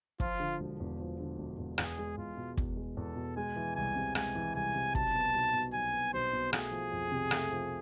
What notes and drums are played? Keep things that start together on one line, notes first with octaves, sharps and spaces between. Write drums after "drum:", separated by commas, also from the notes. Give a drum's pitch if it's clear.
F3 F4, drum: kick
D3
E1
E2
F3
D3
E1
E2
E2 G#4, drum: rim click
G#3
E2 F4
B2
E2, drum: kick
G#3
E2 A4
B2
G#3 G#5
E3
C2 G#5
C3
G#3 G#5, drum: rim click
E3
C2 G#5
C3
B1 A5, drum: kick
B3
B1
B2
B1 G#5
B3
B1 C5
B2
A3 G#4, drum: rim click
F3
F2
C3
A3, drum: rim click
F3